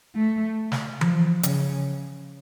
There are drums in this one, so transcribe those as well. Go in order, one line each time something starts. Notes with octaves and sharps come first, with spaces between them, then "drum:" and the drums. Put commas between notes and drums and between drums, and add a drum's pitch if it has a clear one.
A3
drum: snare
F3, drum: tom E3
C#3, drum: hi-hat